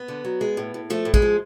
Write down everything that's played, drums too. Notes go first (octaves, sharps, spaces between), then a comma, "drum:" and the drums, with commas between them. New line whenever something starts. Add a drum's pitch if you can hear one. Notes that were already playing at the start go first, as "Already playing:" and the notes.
Already playing: B3
D3
F#3
G#3
A2
A2
F3 A3
A2
G#3, drum: kick
F3